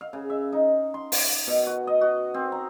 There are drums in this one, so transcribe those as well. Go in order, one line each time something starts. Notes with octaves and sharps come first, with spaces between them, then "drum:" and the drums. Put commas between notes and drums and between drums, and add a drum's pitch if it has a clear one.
F5
C#3
E5
D#4
C6
drum: open hi-hat
B2
F#4
D#5
F#4
C4
A#5